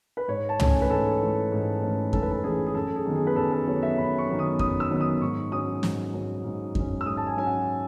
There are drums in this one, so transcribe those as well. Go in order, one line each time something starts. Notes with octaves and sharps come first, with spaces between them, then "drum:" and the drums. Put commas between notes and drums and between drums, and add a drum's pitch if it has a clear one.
B4
G#2 C#5
A5
E3 A3 C#4, drum: tom
G#5
B4
G#2 A4
E3 A3 C#4
G#2
E3 A3 C#4
G#2 A4, drum: kick F2
B4
A4
E3 A3 C#4 G#4
G#4
F#2 A4
G#4
D#3 F#3 B3
G#4
B4
F#2 A4
A4
D#3 F#3 B3 C#5
E5
F#2 B5
C#6
D#3 F#3 B3
D#6
F#2 D#6, drum: kick F2
E6
D#3 F#3 B3
D#6
G#2 C#6
F#3 C#4 D#6
G#2, drum: snare
F#3 C#4
G#2
F#3 C#4, drum: kick F2
E6
G#2 D#6
A5
G#5
F#3 C#4 G#5
F#5